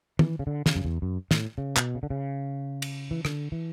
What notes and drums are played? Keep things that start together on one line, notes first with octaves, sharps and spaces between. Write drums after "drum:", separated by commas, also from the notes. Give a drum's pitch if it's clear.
E3, drum: tom
C#3
D3
C#3, drum: snare
F#2
E2
F#2
A2, drum: snare
C#3
B2, drum: clap
C#3
D3
C#3
drum: cymbal
E3
D3, drum: rim click
E3